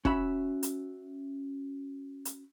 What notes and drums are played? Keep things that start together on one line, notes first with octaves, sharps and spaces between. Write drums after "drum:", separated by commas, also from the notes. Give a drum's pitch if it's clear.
C#4 F#4 E5 B5, drum: kick
drum: hi-hat
drum: hi-hat